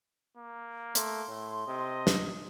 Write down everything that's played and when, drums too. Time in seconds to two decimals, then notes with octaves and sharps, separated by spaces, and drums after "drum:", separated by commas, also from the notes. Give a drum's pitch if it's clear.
0.37 A#3
0.95 A3 C6, drum: hi-hat
1.28 A2
1.67 C3 D#5
2.07 drum: snare